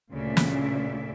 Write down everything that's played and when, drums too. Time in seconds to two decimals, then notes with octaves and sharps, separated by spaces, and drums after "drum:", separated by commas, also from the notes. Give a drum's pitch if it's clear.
0.12 D2 A#2 C#3 C#4 D5 E5
0.37 drum: snare